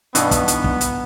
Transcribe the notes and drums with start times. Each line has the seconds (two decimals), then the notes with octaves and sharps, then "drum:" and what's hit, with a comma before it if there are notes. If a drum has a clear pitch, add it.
0.15 G2 B2 E3 B3 D4 D#4, drum: hi-hat
0.31 drum: kick, hi-hat
0.48 drum: hi-hat
0.64 drum: kick
0.81 drum: hi-hat